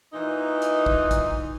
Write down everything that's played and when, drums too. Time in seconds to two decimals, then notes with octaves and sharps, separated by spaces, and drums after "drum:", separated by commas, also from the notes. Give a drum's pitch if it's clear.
0.13 A#2 E3 D#4
0.62 drum: hi-hat
0.86 drum: kick
1.11 drum: kick, hi-hat